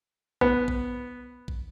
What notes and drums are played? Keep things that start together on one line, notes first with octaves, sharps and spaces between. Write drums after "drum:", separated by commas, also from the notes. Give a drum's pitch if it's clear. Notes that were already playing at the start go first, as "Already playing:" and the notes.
B3, drum: kick
drum: kick
drum: kick